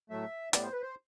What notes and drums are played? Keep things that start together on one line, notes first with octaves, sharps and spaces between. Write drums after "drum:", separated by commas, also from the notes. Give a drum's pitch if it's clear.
A2 F#3 A3 E5
A2 G3 B3 D5, drum: hi-hat
C5
B4
C5